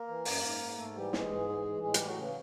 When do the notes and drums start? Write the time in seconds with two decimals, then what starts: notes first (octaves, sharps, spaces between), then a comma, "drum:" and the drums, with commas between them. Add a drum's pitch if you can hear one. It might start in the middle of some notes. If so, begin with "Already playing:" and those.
Already playing: A#3 A#4
0.08 E3
0.25 F#2, drum: open hi-hat
0.43 G#2
0.61 G#2
0.78 G#2 A3 A4
0.95 E3 G3 G4
1.13 E3 G#3 G#4, drum: snare
1.31 G#2
1.49 E3
1.65 E3
1.83 A2 G#3 G#4
1.94 G3 G4, drum: hi-hat
2.00 A2
2.06 F#3 F#4
2.18 C#3 E3 C#4